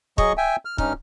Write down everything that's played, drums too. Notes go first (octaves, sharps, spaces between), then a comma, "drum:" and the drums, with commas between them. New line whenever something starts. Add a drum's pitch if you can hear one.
F#3 G#4 D#5 C#6, drum: kick
E5 G5 G#5
F6
G2 C#4 D#4 F6, drum: kick